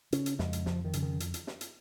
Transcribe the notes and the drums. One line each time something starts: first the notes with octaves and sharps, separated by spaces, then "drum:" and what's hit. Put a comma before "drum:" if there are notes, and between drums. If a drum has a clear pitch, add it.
C#3 C#4, drum: hi-hat
drum: hi-hat
F2 G#3, drum: snare
drum: hi-hat
F2 F3, drum: snare
D#3
C#3, drum: hi-hat
D#3
drum: hi-hat
drum: hi-hat
drum: snare
drum: hi-hat